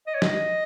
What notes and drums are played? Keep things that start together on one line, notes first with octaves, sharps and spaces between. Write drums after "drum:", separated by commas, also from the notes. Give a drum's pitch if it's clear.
D#5
C#5
D#5, drum: snare